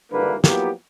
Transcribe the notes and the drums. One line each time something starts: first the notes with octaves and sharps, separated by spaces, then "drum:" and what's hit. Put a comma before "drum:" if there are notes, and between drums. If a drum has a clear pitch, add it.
G#1 G2 D3 E3 A#3 B4
F3 F#3 A#3 B3 E4 G4, drum: snare